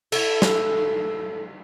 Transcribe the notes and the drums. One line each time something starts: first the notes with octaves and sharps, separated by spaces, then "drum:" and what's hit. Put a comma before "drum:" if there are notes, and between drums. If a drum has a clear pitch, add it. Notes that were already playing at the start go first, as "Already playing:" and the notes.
E4 A4, drum: cymbal
drum: snare